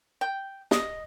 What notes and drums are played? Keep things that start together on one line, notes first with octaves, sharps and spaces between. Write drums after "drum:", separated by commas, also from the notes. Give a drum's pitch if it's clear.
G5
D#5, drum: snare